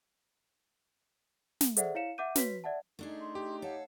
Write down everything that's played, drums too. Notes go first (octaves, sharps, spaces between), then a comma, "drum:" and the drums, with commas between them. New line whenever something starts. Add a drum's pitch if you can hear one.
drum: snare
G#4 A4 C5 D5 E5 F#5, drum: hi-hat
E4 C#5 F5 C#7 E7
E5 F#5 D6 G6 D#7
F#4 B4 C#5 B6, drum: snare
D5 E5 F#5 A5
A3 D4 D#4 G#4
C6
G4
A4 C#5 F5 F#5